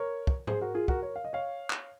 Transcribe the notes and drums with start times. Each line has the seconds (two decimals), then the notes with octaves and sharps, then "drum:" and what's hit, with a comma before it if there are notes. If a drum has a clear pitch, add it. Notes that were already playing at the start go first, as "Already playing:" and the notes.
Already playing: A#4 C#5
0.27 drum: kick
0.47 G#4 C5, drum: tom G#2
0.61 F#4 A#4
0.75 F4 G#4
0.88 F#4 A#4, drum: kick
1.02 A#4 C#5
1.16 F5
1.25 D#5
1.33 C#5 F5
1.70 drum: clap